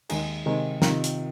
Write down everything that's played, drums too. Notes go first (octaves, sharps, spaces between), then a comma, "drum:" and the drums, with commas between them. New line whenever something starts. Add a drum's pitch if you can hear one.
D#2 D#3 G#3 D#4 G#4, drum: cymbal
C3 D#3 G#3
C3 D#3 C4 F4 A#4, drum: snare
drum: hi-hat